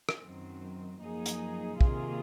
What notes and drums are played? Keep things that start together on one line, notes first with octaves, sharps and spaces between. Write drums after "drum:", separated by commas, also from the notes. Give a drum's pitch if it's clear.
drum: rim click
F#2 D#3 F#3 C4
F#2 F3 A#3 D#4 G#4
drum: hi-hat
C3 D#3 A#3 F4 G#4, drum: kick